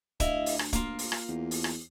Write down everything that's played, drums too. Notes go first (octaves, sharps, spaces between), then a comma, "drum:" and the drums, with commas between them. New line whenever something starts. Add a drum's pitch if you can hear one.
D2 E4 D#5 F5, drum: kick, hi-hat
drum: open hi-hat
drum: rim click
A#3 F4, drum: kick, hi-hat
drum: open hi-hat
drum: rim click
E2
drum: open hi-hat
drum: rim click